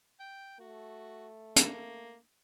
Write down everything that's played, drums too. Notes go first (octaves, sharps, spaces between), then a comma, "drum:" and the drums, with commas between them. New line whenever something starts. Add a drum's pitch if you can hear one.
G5
A3 F#4
A#3, drum: hi-hat